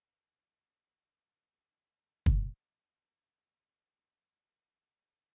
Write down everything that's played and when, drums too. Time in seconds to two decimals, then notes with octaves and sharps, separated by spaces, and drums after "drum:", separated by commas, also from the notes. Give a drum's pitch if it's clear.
0.13 A4 D#5
2.26 drum: kick
3.04 C#4
3.23 A5
3.36 G#4
3.55 D4
4.23 A4 B4 F#5 G#5